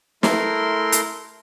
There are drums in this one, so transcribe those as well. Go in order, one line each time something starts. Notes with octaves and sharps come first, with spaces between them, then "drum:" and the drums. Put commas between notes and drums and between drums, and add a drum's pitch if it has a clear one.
A3 E4 A#4 C6, drum: snare
drum: hi-hat